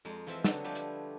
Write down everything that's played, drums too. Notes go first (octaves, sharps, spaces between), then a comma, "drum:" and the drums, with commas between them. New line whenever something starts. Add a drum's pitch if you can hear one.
F2 G#3 A#4
E3 F3 C4 F4 E5
D3 F#3 F#4 A4 D#5 A5, drum: snare
F3 G3 A3 G4 G#4 B4
drum: hi-hat